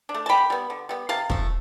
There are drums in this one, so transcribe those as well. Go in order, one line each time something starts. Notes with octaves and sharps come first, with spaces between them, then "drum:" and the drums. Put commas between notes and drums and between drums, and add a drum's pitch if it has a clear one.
D4
A3
A5
D3 G5 B5
G3 B3
D3
G3 B3
C3 F5 A5
F3 A3, drum: kick